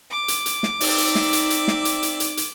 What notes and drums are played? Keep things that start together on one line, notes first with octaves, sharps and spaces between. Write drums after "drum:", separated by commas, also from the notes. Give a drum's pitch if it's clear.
D6
drum: hi-hat
drum: hi-hat
drum: snare
C4 D#4 D5 E5, drum: open hi-hat
drum: hi-hat
drum: snare
drum: hi-hat
drum: hi-hat
drum: snare
drum: hi-hat
drum: hi-hat
drum: hi-hat
drum: hi-hat